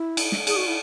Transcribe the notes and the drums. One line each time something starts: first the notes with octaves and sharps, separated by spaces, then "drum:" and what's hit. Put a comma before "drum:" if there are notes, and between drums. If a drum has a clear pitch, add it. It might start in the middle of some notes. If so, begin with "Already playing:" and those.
Already playing: E4
drum: cymbal
drum: snare
G#4, drum: cymbal
F#4
E4